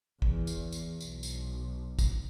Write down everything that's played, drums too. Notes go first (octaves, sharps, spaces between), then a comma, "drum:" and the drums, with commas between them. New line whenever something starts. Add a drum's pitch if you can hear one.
E2, drum: kick
drum: tambourine
drum: tambourine
B1, drum: tambourine
drum: tambourine
drum: kick, tambourine